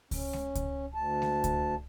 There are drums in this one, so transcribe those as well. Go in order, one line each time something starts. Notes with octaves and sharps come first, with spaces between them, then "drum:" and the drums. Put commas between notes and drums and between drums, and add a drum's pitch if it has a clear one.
C#4, drum: kick C#2, open hi-hat
drum: snare G#3
drum: kick C#2, hi-hat
D2 A5
drum: snare G#3
drum: kick C#2, hi-hat